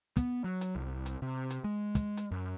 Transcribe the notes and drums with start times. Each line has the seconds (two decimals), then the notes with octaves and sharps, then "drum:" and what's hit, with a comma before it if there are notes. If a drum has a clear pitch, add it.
0.17 B3, drum: kick, hi-hat
0.44 F#3
0.61 drum: hi-hat
0.75 C2
1.06 drum: hi-hat
1.22 C3
1.50 drum: hi-hat
1.64 G#3
1.95 drum: kick, hi-hat
2.17 drum: hi-hat
2.31 F#2